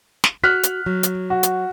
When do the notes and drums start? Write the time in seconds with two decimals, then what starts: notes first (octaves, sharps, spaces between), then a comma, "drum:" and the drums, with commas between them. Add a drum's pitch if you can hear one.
0.24 drum: snare
0.44 F#4 F6 F#6 B6
0.63 drum: hi-hat
0.86 F#3
1.03 drum: hi-hat
1.30 F#4
1.43 drum: hi-hat